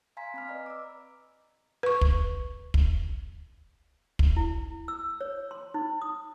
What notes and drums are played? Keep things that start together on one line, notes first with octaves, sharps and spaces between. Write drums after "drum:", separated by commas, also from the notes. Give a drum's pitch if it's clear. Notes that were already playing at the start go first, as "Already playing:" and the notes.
F5 G#5 A#5 C6 B6
C4 B5 F6
B4 D5 D#5 A#5
D6 E6
B4 C#6
drum: kick
drum: kick
drum: kick
E4
E6
C#5
C6
D#4
D#6